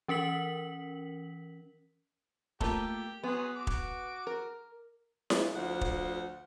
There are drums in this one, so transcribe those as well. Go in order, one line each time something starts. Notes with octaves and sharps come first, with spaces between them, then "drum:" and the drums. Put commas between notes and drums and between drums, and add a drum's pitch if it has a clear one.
E3 C#4 A#4 B6 F#7
A3 A#3 F4 G4, drum: kick
F#3 B3 G#4 C6
F#4 D6
drum: kick
A#4
drum: snare E4
D2 F3 F#5
drum: kick